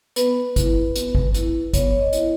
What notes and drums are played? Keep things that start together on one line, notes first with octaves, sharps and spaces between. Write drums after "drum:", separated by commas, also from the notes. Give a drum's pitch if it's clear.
B3 B4, drum: hi-hat
E4, drum: kick G#1, hi-hat
B3, drum: hi-hat
drum: kick G#1
E4, drum: hi-hat
B3 C#5, drum: kick G#1, hi-hat
C#5
D#5
E4, drum: hi-hat